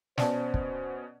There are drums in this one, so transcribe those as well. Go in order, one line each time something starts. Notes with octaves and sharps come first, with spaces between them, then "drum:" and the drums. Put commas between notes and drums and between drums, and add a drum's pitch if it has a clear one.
B2 B3 C#4 C5 D5 A5, drum: snare
drum: kick